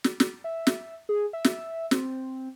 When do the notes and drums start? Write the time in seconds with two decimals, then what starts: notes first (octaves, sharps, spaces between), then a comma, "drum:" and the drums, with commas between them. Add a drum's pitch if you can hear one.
0.04 drum: snare
0.20 drum: snare
0.44 E5
0.67 drum: snare
1.09 G#4
1.33 E5
1.45 drum: snare
1.91 C4, drum: snare